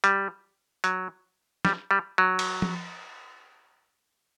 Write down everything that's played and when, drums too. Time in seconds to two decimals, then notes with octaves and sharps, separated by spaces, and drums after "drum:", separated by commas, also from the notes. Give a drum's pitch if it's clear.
0.04 G3, drum: hi-hat
0.84 F#3, drum: hi-hat
1.65 G3, drum: snare
1.91 G3
2.18 F#3
2.39 drum: cymbal
2.62 drum: tom F3